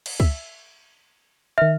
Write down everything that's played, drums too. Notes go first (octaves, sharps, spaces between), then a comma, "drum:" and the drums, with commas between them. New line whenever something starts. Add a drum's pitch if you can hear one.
drum: cymbal
E5, drum: kick
D#3 E5 F6